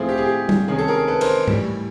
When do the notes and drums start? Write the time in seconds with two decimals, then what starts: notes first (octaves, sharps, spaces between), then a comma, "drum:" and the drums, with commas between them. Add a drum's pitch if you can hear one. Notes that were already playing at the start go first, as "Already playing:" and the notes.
Already playing: A2 F3 A3 C4 E4 G#4
0.09 G4
0.17 G#4
0.25 G4
0.49 drum: tom G3
0.68 C3 D#3 G#3 C#4 G#4
0.78 A4
0.88 G#4 A#4
1.08 A4 B4
1.21 A#4 C5, drum: cymbal
1.48 A2 E3 G3, drum: tom G#2